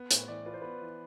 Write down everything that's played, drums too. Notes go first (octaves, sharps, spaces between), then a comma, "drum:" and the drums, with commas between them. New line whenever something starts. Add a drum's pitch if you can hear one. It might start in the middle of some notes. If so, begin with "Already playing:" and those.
Already playing: B3
A2 C5, drum: hi-hat
E3 D5
F4 B4
C5
B3 B4
E3